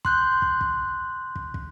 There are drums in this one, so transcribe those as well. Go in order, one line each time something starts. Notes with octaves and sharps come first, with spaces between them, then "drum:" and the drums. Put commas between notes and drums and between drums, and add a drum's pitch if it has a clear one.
C6 F#6 G6, drum: kick
drum: kick
drum: kick
drum: kick
drum: kick